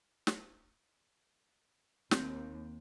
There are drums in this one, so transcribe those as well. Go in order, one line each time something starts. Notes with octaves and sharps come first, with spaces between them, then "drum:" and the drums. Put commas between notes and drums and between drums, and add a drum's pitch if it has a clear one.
drum: snare
D#2 C4, drum: snare